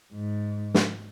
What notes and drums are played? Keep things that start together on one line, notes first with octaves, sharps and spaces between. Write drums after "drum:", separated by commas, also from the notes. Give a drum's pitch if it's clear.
G#2
drum: snare